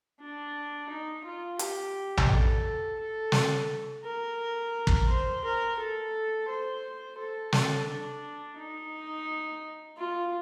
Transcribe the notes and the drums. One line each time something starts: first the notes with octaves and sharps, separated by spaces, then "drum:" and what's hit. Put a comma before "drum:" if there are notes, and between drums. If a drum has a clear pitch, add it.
D4
D#4
F4
G4, drum: hi-hat
drum: tom A#1
A4
A4
drum: snare
A#4
drum: kick
C5
A#4
A4
C5
A4
A4, drum: snare
D4
D#4
F4